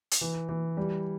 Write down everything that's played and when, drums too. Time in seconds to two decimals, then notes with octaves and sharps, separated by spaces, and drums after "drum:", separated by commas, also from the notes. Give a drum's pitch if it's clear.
0.11 drum: hi-hat
0.21 E3
0.49 E3
0.77 G3